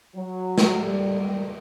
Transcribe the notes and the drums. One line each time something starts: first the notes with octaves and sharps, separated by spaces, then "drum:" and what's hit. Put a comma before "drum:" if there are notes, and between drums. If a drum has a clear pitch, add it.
F#3
drum: snare
G3